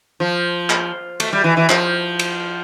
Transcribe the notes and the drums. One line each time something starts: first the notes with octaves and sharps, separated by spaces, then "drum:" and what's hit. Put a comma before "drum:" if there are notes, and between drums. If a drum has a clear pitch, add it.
F3
drum: clap
A3, drum: cymbal
G3
E3
E3
F3, drum: clap
drum: cymbal